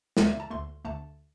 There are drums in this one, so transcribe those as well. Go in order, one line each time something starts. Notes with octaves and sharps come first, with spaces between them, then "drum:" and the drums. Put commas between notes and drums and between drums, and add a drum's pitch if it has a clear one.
D2 D3 A3 D5, drum: snare
E5
A5
D2 D3 A3 C6
D2 D3 A3 A5